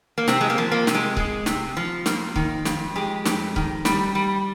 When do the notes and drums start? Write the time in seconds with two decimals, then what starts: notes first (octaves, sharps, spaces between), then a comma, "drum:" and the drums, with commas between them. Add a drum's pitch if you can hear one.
0.18 A#3
0.28 C3 C4, drum: snare
0.41 G#3
0.50 A#3
0.58 F3
0.72 A#3
0.87 C3, drum: snare
0.95 G#3
1.17 G#3, drum: kick C#1
1.46 C3, drum: snare
1.77 F3
2.06 F2 A#3, drum: snare
2.36 D#3, drum: kick C#1
2.65 F2, drum: snare
2.96 G#3 G4
3.25 F2, drum: snare
3.56 D#3, drum: kick C#1
3.85 G3, drum: snare
4.15 G3